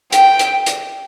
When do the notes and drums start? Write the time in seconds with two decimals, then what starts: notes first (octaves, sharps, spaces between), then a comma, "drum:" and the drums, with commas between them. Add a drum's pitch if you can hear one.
0.12 G5, drum: hi-hat
0.39 drum: hi-hat
0.66 drum: hi-hat